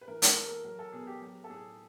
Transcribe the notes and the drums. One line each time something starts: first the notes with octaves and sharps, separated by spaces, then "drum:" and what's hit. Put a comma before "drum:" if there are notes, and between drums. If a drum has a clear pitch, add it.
B4
E3 A#4
A#4, drum: hi-hat
A4
A#3
A#4
F#3 A#4
A4
B2 G#4
G4
F#3 G4
A4
A2 G#4